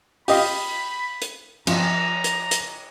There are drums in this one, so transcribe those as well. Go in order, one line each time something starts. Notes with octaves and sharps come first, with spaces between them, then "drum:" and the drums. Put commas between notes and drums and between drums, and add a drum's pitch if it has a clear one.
G4 D#5 F5 B5, drum: open hi-hat
drum: hi-hat
F3 A#5, drum: cymbal
drum: hi-hat
drum: hi-hat